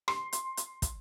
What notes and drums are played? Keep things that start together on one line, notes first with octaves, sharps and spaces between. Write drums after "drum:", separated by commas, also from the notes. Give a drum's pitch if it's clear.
C6, drum: rim click
drum: hi-hat
drum: hi-hat
drum: kick, hi-hat